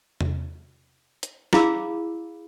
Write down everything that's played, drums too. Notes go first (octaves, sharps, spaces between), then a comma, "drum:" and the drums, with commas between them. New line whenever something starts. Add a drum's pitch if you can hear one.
drum: tom E2
drum: hi-hat
E4 G#4 F5 B5 D6 E6, drum: snare